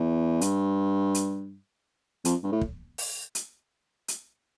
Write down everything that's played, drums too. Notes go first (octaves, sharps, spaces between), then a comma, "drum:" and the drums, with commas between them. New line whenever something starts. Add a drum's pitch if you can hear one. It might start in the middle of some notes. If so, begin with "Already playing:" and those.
Already playing: E2
G2, drum: hi-hat
drum: hi-hat
F2, drum: hi-hat
G2
A2
drum: kick
drum: open hi-hat
drum: hi-hat
drum: hi-hat